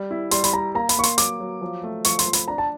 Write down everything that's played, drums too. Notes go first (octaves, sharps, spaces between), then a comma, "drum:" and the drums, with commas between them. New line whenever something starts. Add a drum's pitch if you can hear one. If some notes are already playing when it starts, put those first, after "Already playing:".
Already playing: G3
E4
G3 C6, drum: hi-hat
B5, drum: hi-hat
G3 A#5
A#3 A#5
B5, drum: hi-hat
A#3 C#6
C6, drum: hi-hat
F#3 D6, drum: hi-hat
F#3
F3
A3
F3 C#6, drum: hi-hat
C6, drum: hi-hat
F3
B5, drum: hi-hat
D4 A#5
A5